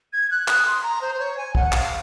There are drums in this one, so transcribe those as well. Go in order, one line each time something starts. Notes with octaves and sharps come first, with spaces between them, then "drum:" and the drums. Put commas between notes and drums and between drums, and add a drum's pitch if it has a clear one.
G#6
F#6
D#6, drum: clap
C6
A#5
C5
C5
C#5
G#5
F#5, drum: kick
F5, drum: clap